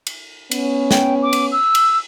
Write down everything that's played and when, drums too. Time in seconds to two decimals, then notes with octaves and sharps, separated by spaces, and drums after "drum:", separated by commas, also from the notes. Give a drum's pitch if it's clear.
0.07 drum: cymbal
0.51 B3 C#4, drum: cymbal
0.91 G5, drum: snare
1.22 D6
1.33 drum: cymbal
1.52 E6
1.75 drum: cymbal